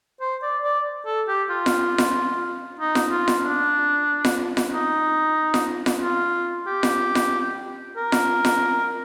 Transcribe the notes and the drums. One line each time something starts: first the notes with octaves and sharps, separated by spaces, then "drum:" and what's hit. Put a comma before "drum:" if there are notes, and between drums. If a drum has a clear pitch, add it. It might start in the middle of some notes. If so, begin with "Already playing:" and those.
C5
D5
D5
A4
G4
F4
drum: snare F4
drum: snare F4
D#4
drum: snare F4
F4
drum: snare F4
D4
drum: snare F4
drum: snare F4
D#4
drum: snare F4
drum: snare F4
F4
G4
drum: snare F4
drum: snare F4
A#4
drum: snare F4
drum: snare F4